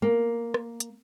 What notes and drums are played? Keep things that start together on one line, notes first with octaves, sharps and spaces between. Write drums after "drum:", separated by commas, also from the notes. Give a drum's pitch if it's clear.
A#3
drum: rim click
drum: hi-hat